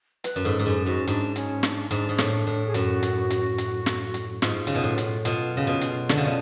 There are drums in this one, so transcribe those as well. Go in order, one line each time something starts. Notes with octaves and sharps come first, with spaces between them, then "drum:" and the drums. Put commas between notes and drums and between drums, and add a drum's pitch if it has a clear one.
B4, drum: hi-hat
F#2
G#2 A4
G#2
F#2 G#4
G#2 F#4
G#2 D4, drum: hi-hat
C#4, drum: hi-hat
D4, drum: snare
G#2 D4, drum: hi-hat
G#2
A2, drum: snare
A2
G#4
F#2 F#4, drum: hi-hat
drum: hi-hat
drum: hi-hat
drum: hi-hat
drum: snare
drum: hi-hat
G#2 F4, drum: snare
C#3, drum: hi-hat
B2
A2
drum: hi-hat
B2 F4, drum: hi-hat
C#3
B2
drum: hi-hat
D3, drum: snare
C#3
B2